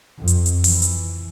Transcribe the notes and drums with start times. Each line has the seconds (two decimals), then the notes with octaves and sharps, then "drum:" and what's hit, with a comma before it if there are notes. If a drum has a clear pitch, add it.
0.18 F2
0.28 drum: hi-hat
0.46 drum: hi-hat
0.64 E3, drum: open hi-hat
0.82 drum: hi-hat